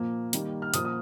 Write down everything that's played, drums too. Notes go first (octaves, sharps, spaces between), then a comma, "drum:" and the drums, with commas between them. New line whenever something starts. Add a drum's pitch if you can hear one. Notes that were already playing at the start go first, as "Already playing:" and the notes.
Already playing: A#2 F3 A#3
D#3 G3 A#3, drum: hi-hat
F6
A#2 F3 A#3 D#6, drum: hi-hat
D#6